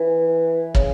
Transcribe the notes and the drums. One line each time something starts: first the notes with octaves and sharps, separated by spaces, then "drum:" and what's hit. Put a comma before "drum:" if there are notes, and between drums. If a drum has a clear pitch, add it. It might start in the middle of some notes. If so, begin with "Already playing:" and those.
Already playing: E3
C#3, drum: kick